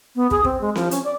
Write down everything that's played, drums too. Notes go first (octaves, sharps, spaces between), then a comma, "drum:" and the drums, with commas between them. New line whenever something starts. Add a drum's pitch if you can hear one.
B3
G#4, drum: kick
C4, drum: kick
G#3
F3, drum: snare C4
C#4, drum: hi-hat
D5